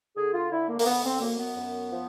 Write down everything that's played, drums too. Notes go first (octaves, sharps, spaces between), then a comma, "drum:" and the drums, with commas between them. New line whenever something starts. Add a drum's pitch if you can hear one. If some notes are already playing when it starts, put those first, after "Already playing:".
D3 G#4
F4
D3 E4
A#3
A#3, drum: open hi-hat
D3 B3
C4
F#2 A#3
B3
F#2
F3